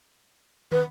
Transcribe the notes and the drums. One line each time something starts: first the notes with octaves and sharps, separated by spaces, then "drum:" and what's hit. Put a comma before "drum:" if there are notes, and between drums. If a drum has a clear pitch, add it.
B4, drum: tom